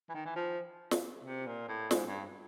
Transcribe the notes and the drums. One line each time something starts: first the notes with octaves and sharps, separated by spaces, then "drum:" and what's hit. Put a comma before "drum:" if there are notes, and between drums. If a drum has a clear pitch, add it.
E3
D#3
E3
F3
drum: snare
C3
A#2
A2
G#2, drum: snare
G2